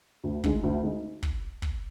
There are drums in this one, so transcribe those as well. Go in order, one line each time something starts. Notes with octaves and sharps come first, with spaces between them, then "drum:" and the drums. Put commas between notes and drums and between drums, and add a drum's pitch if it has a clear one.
D2
D3 G#3 D#4, drum: kick
D2
D3 G#3 D#4
drum: kick
drum: kick